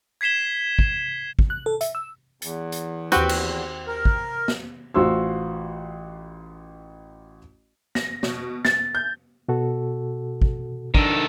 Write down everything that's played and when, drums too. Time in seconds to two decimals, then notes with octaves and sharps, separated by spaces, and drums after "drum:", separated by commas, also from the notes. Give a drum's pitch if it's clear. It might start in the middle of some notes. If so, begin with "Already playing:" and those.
0.21 G#6 B6 C7 E7 G7
0.79 drum: kick
1.39 drum: kick
1.50 F#6
1.66 A4
1.81 E5, drum: hi-hat
1.95 E6
2.42 E2, drum: hi-hat
2.72 drum: hi-hat
3.12 D#2 C4 F#4 G4 B4 G5, drum: hi-hat
3.29 drum: cymbal
3.87 A#4
4.05 drum: kick
4.48 drum: snare
4.94 A1 F4 F#4 C5 C6 E6
7.95 A#6, drum: snare
8.23 B2, drum: snare
8.65 A6, drum: snare
8.95 G6
9.48 B2 F#4 A4
10.42 drum: kick
10.95 D#3 D4 A4, drum: kick